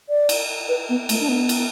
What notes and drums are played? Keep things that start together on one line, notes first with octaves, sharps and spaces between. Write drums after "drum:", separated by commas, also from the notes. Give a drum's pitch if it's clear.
D5
drum: cymbal
B4
B3
A3, drum: cymbal
D4
B3
drum: cymbal